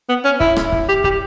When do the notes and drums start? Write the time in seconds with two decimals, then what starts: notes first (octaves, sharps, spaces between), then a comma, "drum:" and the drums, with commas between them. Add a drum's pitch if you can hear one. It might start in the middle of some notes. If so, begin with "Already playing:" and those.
0.09 B3
0.25 C#4
0.40 E4, drum: kick
0.56 drum: rim click
0.72 drum: kick
0.89 G4
1.04 G4, drum: kick